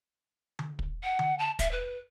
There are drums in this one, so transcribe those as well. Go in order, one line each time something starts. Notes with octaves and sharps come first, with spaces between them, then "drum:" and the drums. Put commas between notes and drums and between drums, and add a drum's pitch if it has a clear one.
drum: tom D3
drum: kick
F#5
drum: tom D3
A5
E5, drum: kick, hi-hat
B4